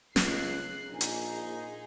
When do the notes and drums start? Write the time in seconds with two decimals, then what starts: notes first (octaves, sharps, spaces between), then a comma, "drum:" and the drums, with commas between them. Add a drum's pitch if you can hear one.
0.16 C#2 F#6 C7, drum: snare
0.91 A#1 A#2 D#4 G#4
1.01 drum: hi-hat